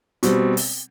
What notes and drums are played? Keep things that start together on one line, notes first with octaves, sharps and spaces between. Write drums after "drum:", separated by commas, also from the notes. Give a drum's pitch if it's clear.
B2 G3 C4, drum: hi-hat
drum: open hi-hat